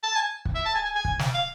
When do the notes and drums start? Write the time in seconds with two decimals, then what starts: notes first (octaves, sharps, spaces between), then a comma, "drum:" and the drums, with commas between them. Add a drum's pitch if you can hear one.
0.03 A5
0.15 G#5
0.45 drum: kick
0.55 E5
0.65 A5
0.75 G#5
0.85 G#5
0.95 G#5
1.05 drum: kick
1.19 drum: snare
1.34 F5